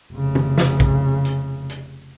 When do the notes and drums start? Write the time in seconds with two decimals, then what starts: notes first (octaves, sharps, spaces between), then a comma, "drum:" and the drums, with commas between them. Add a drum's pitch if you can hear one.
0.13 F1 C#3
0.35 drum: tom
0.58 drum: snare
0.80 drum: kick A#1, hi-hat
1.25 drum: hi-hat
1.69 drum: hi-hat